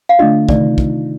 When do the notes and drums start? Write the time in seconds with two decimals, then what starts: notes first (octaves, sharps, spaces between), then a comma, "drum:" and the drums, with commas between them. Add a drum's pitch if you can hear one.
0.09 F5
0.19 D3 A3 D4 F4 D#5
0.49 C3 D#3 A3 D#4 D5, drum: kick
0.78 drum: kick